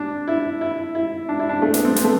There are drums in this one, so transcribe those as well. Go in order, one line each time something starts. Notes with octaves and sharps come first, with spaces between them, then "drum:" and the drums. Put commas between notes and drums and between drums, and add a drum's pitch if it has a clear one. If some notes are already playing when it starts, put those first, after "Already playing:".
Already playing: D4
E4
E4
E4
D4
E4
D4
A3
B3, drum: snare
C4
B3, drum: snare
A3